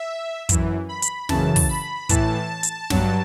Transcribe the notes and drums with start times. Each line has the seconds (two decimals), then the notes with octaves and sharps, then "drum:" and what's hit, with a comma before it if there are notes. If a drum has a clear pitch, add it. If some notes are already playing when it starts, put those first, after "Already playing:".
Already playing: E5
0.49 F#2 E3, drum: kick, hi-hat
0.89 B5
1.02 drum: hi-hat
1.29 F#2 C#3 E3 A5, drum: snare
1.56 drum: kick, open hi-hat
1.69 B5
2.09 A2 E3 A5, drum: kick, hi-hat
2.63 drum: hi-hat
2.90 G2 F#3, drum: snare